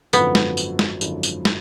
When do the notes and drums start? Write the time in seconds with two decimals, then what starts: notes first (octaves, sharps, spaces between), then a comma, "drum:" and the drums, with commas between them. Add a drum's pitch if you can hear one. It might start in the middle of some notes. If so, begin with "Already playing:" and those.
0.13 G#1 F#2 D3 F3 B3, drum: tambourine
0.35 drum: snare
0.57 drum: tambourine
0.79 drum: snare
1.01 G#1 F#2 D3 F3, drum: tambourine
1.23 drum: tambourine
1.45 drum: snare